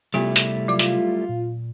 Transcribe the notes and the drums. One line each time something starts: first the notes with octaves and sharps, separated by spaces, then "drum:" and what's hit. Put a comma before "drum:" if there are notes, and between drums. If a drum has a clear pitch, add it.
C3 G3 A3 B3 E4 F4 G4
drum: hi-hat
F#3 F4 D6
drum: hi-hat
A#2